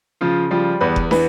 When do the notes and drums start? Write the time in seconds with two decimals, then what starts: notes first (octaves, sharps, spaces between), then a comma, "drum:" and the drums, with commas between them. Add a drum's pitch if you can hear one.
0.21 C#3 F3 F4
0.51 F3 G3 F4
0.81 E2 B3 B4
0.96 drum: kick F1
1.11 E3 B3 B4, drum: snare